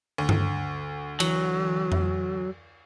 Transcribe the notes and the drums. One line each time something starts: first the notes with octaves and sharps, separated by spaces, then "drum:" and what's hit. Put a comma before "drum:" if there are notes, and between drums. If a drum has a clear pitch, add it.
D2
drum: tom G2
E3 F#3, drum: cymbal
drum: tom F2